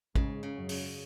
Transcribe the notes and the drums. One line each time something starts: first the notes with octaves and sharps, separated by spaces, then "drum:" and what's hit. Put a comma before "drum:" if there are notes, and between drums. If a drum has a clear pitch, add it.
G#2 C#3 G#3, drum: kick A1
C#3
F#2 F#3
C#3, drum: open hi-hat